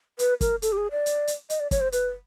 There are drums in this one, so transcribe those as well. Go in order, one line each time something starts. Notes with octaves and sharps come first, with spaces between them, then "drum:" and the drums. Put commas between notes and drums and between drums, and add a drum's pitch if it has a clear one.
B4, drum: hi-hat
A#4, drum: kick, hi-hat
A4, drum: hi-hat
G4
G#4
D5
drum: hi-hat
drum: hi-hat
D#5, drum: hi-hat
D5
C#5, drum: kick, hi-hat
C5
B4, drum: hi-hat